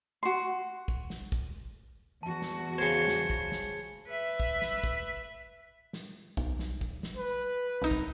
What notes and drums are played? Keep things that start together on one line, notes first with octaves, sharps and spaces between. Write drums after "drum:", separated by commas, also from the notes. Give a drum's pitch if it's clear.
F#4 C6
drum: kick
drum: snare
drum: kick
E2 F#4 A5
drum: snare
C#3 C5 G#6 C#7
drum: snare
drum: kick
drum: snare
B4 E5
drum: kick
drum: snare
drum: kick
drum: snare
B1, drum: kick
drum: snare
drum: kick
drum: snare
B4
C2 D#4 D#6
drum: kick